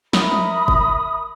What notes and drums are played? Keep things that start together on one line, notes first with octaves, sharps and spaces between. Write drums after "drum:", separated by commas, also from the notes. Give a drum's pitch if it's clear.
A#4 E5 B5 D#6, drum: snare
drum: tom F3
drum: kick F#1